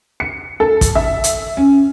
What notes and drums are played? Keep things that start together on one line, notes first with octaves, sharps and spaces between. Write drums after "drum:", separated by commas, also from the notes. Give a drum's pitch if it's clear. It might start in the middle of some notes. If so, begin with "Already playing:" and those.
C#7
A4
drum: kick, hi-hat
E5
drum: hi-hat
C#4